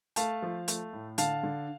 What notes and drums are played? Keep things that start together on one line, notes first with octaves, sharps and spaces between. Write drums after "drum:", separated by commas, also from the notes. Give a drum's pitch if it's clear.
A3 F5 A5, drum: hi-hat
F3
A3, drum: hi-hat
A2
D3 F5 A5, drum: hi-hat
D3